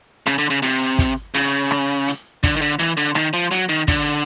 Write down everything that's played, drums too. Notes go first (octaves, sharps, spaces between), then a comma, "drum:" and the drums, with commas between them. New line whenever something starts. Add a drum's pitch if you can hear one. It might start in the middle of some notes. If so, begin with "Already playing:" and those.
C#3, drum: rim click
D3
C#3
C3, drum: hi-hat
drum: kick, hi-hat
C#3, drum: hi-hat
drum: rim click
drum: hi-hat
D3, drum: kick, hi-hat
D#3
D3
E3, drum: hi-hat
D3
D#3, drum: rim click
F3
F#3, drum: hi-hat
D#3
D3, drum: kick, hi-hat